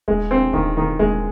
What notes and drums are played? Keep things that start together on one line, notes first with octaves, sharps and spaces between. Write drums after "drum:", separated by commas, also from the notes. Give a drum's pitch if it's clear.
G#3, drum: kick D#1
C4
D#3, drum: kick D#1
D#3
G#3, drum: kick D#1